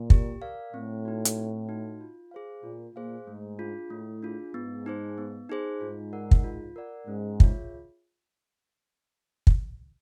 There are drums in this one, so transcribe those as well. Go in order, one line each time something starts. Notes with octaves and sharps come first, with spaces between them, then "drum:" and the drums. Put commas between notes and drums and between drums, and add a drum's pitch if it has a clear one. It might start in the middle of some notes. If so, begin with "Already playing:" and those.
Already playing: A#2
G4, drum: kick
A#4 D5 F5
A2 C4
D#4 F#4
drum: hi-hat
C4
D#4 F#4
F4
G#4 C5 F5
A#2 F4
A#2 G#4 C5 F5
G#2 A3
D4 F4 G#4
A2 A3
D4 F4 G#4
G#2 B3
D#4 G#4 C5
B3
D#4 G#4 C5
G#2 F4
A#4 D5 F#5
drum: kick
F4
A#4 D5 F#5
G#2 C#4
F4 G#4 C#5 E5, drum: kick
drum: kick